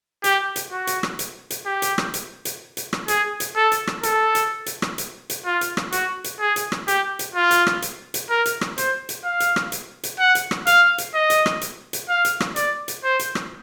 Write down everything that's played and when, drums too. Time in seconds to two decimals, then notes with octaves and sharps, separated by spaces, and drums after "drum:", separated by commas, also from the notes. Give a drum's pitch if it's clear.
0.24 G4, drum: hi-hat
0.56 drum: hi-hat
0.71 F#4
0.87 drum: hi-hat
1.03 drum: rim click
1.19 drum: hi-hat
1.50 drum: hi-hat
1.66 G4
1.82 drum: hi-hat
1.98 drum: rim click
2.14 drum: hi-hat
2.45 drum: hi-hat
2.77 drum: hi-hat
2.93 drum: rim click
3.08 G#4, drum: hi-hat
3.40 drum: hi-hat
3.56 A4
3.72 drum: hi-hat
3.87 drum: rim click
4.03 A4, drum: hi-hat
4.35 drum: hi-hat
4.66 drum: hi-hat
4.82 drum: rim click
4.98 drum: hi-hat
5.30 drum: hi-hat
5.45 F4
5.61 drum: hi-hat
5.77 drum: rim click
5.92 F#4, drum: hi-hat
6.24 drum: hi-hat
6.40 G#4
6.56 drum: hi-hat
6.72 drum: rim click
6.88 G4, drum: hi-hat
7.19 drum: hi-hat
7.35 F4
7.51 drum: hi-hat
7.67 drum: rim click
7.82 drum: hi-hat
8.14 drum: hi-hat
8.30 A#4
8.46 drum: hi-hat
8.61 drum: rim click
8.78 C5, drum: hi-hat
9.09 drum: hi-hat
9.24 F5
9.40 drum: hi-hat
9.56 drum: rim click
9.72 drum: hi-hat
10.03 drum: hi-hat
10.19 F#5
10.35 drum: hi-hat
10.51 drum: rim click
10.67 F5, drum: hi-hat
10.98 drum: hi-hat
11.14 D#5
11.30 drum: hi-hat
11.46 drum: rim click
11.61 drum: hi-hat
11.93 drum: hi-hat
12.09 F5
12.25 drum: hi-hat
12.40 drum: rim click
12.56 D5, drum: hi-hat
12.88 drum: hi-hat
13.04 C5
13.19 drum: hi-hat
13.35 drum: rim click